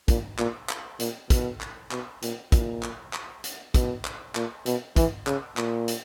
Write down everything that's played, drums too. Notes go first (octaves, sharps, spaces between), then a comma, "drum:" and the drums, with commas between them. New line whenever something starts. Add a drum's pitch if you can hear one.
A#2, drum: kick, hi-hat
A#2, drum: clap
drum: clap
A#2, drum: hi-hat
B2, drum: kick, hi-hat
drum: clap
B2, drum: clap
A#2, drum: hi-hat
A#2, drum: kick, hi-hat
drum: clap
drum: clap
drum: hi-hat
B2, drum: kick, hi-hat
drum: clap
A#2, drum: clap
B2, drum: hi-hat
E3, drum: kick, hi-hat
C#3, drum: clap
A#2, drum: clap
drum: hi-hat